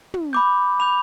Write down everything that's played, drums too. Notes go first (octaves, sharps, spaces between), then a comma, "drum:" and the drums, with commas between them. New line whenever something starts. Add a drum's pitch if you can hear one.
drum: tom
B5 D6 G6
B5 D6 G6 F7